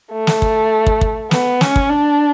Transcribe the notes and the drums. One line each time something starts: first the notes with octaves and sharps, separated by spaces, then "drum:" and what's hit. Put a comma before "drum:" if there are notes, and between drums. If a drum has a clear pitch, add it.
A3
drum: snare
drum: kick
drum: kick
drum: kick
B3, drum: snare
C#4, drum: snare
drum: kick
D4